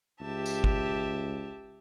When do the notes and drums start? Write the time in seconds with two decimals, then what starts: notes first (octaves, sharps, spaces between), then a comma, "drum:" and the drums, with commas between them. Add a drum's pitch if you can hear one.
0.21 C#2 G4 E5 A5
0.46 drum: tambourine
0.64 drum: kick